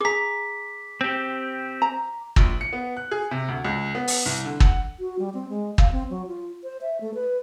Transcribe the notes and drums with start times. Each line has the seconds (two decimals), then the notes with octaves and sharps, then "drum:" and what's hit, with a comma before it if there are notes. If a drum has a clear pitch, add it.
0.01 G#4 A#5 D6 B6
1.01 C4 G4
1.82 A#5
2.36 A#1, drum: kick
2.61 C#7
2.73 B3
2.97 F#6
3.11 G#4
3.31 C3
3.48 D2
3.64 C#2
3.95 B3
4.08 drum: open hi-hat
4.26 C2
4.45 D3
4.60 F#5, drum: kick
5.00 F#4
5.19 G3
5.34 C4
5.49 G#3
5.78 F5, drum: kick
5.92 C4
6.10 F#3
6.27 F4
6.64 C5
6.82 E5
7.01 A3
7.15 B4